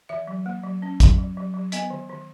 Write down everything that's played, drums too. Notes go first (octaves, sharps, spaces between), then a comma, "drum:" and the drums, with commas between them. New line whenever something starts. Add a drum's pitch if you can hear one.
E3 E5
F#3
A#3
F#3
C#4
F#3, drum: kick, hi-hat
F#3
F#3
F#3
B3 D#5, drum: hi-hat
D#3
D#3